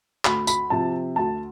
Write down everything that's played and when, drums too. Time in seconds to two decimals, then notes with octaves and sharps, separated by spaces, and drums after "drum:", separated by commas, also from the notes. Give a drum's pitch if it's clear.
0.25 D2 B5, drum: clap
0.47 B5, drum: tambourine
0.70 C3 F3 A5
1.16 D2 A5